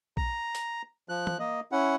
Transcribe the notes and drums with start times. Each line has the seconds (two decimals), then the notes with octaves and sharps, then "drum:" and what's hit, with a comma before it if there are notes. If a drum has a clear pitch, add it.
0.17 A#5, drum: kick
0.55 drum: hi-hat
1.09 F3 F#6
1.27 drum: tom
1.40 A#3 D#5
1.72 C#4 E4 F#5